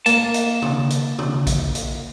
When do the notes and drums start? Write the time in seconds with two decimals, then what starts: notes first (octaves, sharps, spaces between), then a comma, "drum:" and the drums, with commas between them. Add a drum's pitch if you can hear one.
0.06 A#3 A5, drum: hi-hat
0.34 drum: hi-hat
0.62 drum: tom C#3
0.90 drum: hi-hat
1.19 drum: tom C#3
1.47 drum: kick, hi-hat
1.75 drum: hi-hat